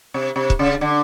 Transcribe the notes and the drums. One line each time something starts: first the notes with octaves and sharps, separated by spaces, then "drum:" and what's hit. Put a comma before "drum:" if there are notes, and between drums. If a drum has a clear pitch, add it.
C3
C3
drum: kick
C#3
D3